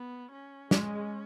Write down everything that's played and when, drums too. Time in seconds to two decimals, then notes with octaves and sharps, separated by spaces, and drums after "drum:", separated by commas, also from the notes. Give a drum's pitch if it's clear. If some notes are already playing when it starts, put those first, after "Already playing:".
Already playing: B3
0.32 C#4
0.71 G#3, drum: snare